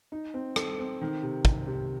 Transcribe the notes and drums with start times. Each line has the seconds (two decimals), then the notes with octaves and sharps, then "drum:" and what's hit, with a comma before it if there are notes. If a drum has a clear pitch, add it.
0.12 D#4
0.34 C4
0.56 A4, drum: rim click
0.79 C4
1.01 D#3
1.22 C3
1.45 C3, drum: kick
1.67 C3